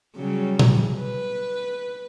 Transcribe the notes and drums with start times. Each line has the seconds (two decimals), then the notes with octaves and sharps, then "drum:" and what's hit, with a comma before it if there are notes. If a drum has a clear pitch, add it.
0.15 C#3 F#3 G3
0.59 drum: tom A#2
0.96 B4